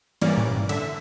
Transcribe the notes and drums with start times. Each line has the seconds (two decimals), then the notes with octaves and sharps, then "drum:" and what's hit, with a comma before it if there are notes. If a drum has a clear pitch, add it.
0.21 G#2 E3 G3 A#3 C#4 D5, drum: cymbal
0.38 drum: tom
0.54 drum: tom G2
0.69 D3 E5, drum: cymbal